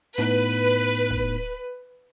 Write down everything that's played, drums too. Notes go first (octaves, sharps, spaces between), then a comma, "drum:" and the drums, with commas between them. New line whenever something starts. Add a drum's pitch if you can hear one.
A2 B3 D#4 B4
drum: kick